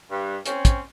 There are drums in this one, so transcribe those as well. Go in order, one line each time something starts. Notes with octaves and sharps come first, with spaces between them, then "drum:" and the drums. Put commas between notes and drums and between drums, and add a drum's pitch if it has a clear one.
G2
C4 C#4, drum: hi-hat
drum: kick, hi-hat